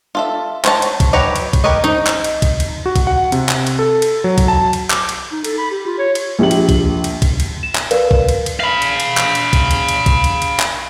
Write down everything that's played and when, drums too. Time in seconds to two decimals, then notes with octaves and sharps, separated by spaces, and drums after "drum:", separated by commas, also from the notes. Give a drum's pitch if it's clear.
0.15 F4 A4 E5
0.65 C5 C#5 A5 A#5, drum: clap
0.82 drum: cymbal
1.00 drum: kick, cymbal
1.13 F#3 G4 B4 C#5 A#5
1.36 drum: cymbal
1.53 drum: kick, cymbal
1.64 G4 A#4 B4 C#5 D#5
1.84 D#4
2.07 drum: clap
2.24 drum: cymbal
2.42 drum: kick, cymbal
2.60 drum: cymbal
2.86 F#4
2.96 drum: kick, cymbal
3.07 F#5
3.32 C3, drum: cymbal
3.49 drum: clap
3.67 drum: cymbal
3.79 A4
4.02 drum: cymbal
4.24 F#3
4.38 drum: kick, cymbal
4.48 A5
4.73 drum: cymbal
4.90 D6, drum: clap
5.09 drum: cymbal
5.32 D#4
5.44 A4, drum: cymbal
5.58 B5
5.71 G4
5.86 F4
5.99 C#5
6.15 drum: cymbal
6.39 A#1 G4 F#7
6.51 drum: cymbal
6.69 drum: kick, cymbal
7.04 drum: cymbal
7.22 drum: kick, cymbal
7.40 drum: cymbal
7.63 E7
7.75 drum: clap
7.91 A#4 B4 D5 F5, drum: cymbal
8.11 drum: kick
8.29 drum: cymbal
8.46 drum: cymbal
8.60 F5 B5
8.82 drum: cymbal
9.00 drum: cymbal
9.17 drum: clap
9.35 drum: cymbal
9.53 drum: kick, cymbal
9.71 drum: cymbal
9.88 drum: cymbal
10.06 drum: kick, cymbal
10.24 drum: cymbal
10.42 drum: cymbal
10.60 drum: clap